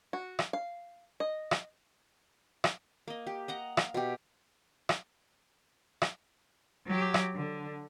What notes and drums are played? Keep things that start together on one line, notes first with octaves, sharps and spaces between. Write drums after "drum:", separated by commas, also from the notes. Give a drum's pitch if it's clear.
F#4
drum: rim click
F5
D#5
drum: rim click
drum: rim click
A#3 D#5
G4
D#5 F#5 A#5
F5, drum: rim click
B2 G4
drum: rim click
drum: rim click
F#3 G4
drum: rim click
D3